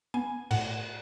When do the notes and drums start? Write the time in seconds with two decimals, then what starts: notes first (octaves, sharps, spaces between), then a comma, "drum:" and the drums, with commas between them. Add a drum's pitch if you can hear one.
0.14 B3 G#5
0.51 A2 F#5, drum: cymbal